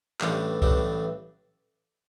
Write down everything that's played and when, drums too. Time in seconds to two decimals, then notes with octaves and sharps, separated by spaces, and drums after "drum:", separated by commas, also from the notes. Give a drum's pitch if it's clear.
0.21 A1 G2 E3 A3 D4, drum: clap
0.62 A1 G2 E3 A3 D4, drum: kick C2